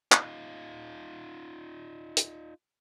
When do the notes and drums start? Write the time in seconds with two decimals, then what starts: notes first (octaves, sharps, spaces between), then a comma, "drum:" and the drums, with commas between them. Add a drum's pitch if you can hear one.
0.12 D#4 F4, drum: clap
2.17 drum: hi-hat